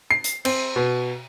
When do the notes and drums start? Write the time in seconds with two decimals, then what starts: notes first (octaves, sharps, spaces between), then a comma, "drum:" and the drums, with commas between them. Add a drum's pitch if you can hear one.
0.11 C7
0.24 drum: hi-hat
0.45 C4, drum: cymbal
0.76 B2